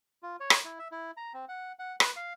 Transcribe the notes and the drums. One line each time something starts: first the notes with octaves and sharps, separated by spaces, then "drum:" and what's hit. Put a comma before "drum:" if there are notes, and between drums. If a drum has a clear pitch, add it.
F4
C#5
drum: rim click
E4
E5
E4
A#5
C4
F#5
F#5
B4, drum: rim click
F5